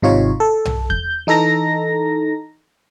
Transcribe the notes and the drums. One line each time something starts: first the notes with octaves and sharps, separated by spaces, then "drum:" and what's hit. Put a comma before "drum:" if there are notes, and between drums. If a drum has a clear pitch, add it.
G#1 C3 D#4 F4 C#5
A4
drum: tom B1
G6, drum: kick E2
E3 D#4 A4 A#5 A#6